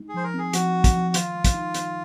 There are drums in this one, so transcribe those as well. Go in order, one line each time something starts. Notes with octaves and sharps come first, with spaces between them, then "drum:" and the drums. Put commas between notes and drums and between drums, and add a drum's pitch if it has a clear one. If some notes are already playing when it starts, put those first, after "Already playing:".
Already playing: G#3 D#4
G#4
F3 C5
A#4
C4 G#4
F3 F#4, drum: hi-hat
C4
drum: kick, hi-hat
F3
D#3 F4, drum: hi-hat
G#3
drum: kick, hi-hat
D#4
D#3, drum: hi-hat